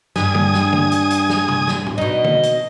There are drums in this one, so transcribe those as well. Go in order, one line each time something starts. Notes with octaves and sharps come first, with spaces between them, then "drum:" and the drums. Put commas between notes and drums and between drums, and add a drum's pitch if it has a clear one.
G2 G#5 D#6, drum: snare
drum: tom
drum: snare
drum: tom
drum: hi-hat
drum: hi-hat
drum: snare
drum: tom
drum: snare
drum: tom
B2 D#4 D#5
drum: tom
drum: hi-hat